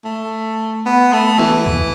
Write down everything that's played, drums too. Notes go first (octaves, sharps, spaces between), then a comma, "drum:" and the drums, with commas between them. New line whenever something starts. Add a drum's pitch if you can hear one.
A3
B3
A3
E3, drum: snare
drum: kick C#2